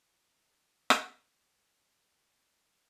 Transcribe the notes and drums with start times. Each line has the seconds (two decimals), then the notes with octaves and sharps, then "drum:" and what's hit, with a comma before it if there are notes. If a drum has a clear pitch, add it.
0.01 B2 F#3
0.90 drum: rim click